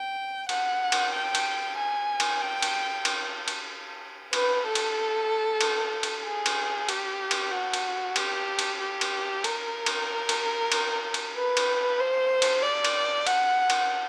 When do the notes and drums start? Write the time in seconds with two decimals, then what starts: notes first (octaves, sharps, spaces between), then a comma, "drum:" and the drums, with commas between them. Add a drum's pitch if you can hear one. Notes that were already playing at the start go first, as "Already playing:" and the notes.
Already playing: G5
0.49 F#5, drum: cymbal
0.92 drum: cymbal
1.13 G5
1.35 drum: cymbal
1.77 G#5
2.20 drum: cymbal
2.41 G5
2.62 drum: cymbal
3.05 drum: cymbal
3.48 drum: cymbal
4.33 B4, drum: cymbal
4.65 A4
4.75 drum: cymbal
5.61 drum: cymbal
6.03 drum: cymbal
6.25 G#4
6.46 drum: cymbal
6.89 G4, drum: cymbal
7.31 drum: cymbal
7.52 F#4
7.73 drum: cymbal
8.16 G4, drum: cymbal
8.59 drum: cymbal
8.80 G4
9.01 drum: cymbal
9.44 A#4, drum: cymbal
9.86 drum: cymbal
10.29 drum: cymbal
10.72 drum: cymbal
11.14 drum: cymbal
11.36 B4
11.57 drum: cymbal
12.00 C5
12.42 drum: cymbal
12.63 D5
12.85 drum: cymbal
13.27 F#5, drum: cymbal
13.70 drum: cymbal